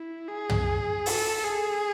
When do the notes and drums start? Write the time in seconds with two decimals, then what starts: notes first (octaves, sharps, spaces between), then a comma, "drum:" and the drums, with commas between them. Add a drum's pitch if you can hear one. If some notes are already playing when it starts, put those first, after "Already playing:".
Already playing: E4
0.29 G#4
0.50 drum: tom
1.06 A4, drum: open hi-hat
1.44 G#4